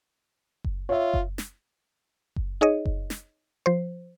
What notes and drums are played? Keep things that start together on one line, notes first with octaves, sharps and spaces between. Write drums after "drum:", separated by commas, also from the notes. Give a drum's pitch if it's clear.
drum: kick F#1
F4 C#5 E5
drum: kick F#1
drum: snare
drum: kick F#1
D#4 G#4 C#5 D#5
drum: kick F#1
drum: snare
F3 C5